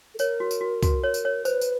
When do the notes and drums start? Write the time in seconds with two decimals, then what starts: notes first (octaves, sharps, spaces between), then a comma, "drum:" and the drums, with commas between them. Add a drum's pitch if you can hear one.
0.14 A4
0.19 A#4 C#5, drum: tambourine
0.40 F#4
0.51 drum: tambourine
0.61 F#4
0.83 F#4, drum: kick, tambourine
1.04 C#5
1.14 drum: tambourine
1.25 C#5
1.45 B4 C5, drum: tambourine
1.61 drum: tambourine